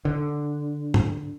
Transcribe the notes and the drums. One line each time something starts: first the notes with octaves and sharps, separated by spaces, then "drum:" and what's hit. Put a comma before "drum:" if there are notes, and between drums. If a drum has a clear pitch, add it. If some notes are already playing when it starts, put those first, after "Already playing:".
D3
drum: tom